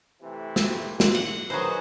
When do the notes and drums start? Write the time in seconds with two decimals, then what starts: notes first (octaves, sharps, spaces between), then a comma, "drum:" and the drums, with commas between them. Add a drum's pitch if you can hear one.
0.22 C3 E3 A3
0.56 drum: snare
0.78 A#3
1.00 drum: snare
1.14 F#5, drum: cymbal
1.50 D#3 F#3 G#4 B4 C5 D#5